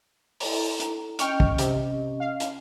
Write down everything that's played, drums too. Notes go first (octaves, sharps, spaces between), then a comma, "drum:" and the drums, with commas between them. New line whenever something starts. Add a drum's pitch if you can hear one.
E4 A4 A#5, drum: open hi-hat
drum: hi-hat
C#4 D#5 G5 C#6 F6, drum: hi-hat
drum: kick
C3, drum: hi-hat
F5
drum: hi-hat